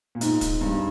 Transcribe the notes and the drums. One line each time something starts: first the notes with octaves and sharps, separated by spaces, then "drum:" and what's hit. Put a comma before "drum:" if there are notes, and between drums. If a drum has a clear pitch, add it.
A#2
G#2, drum: hi-hat
drum: kick, hi-hat
G2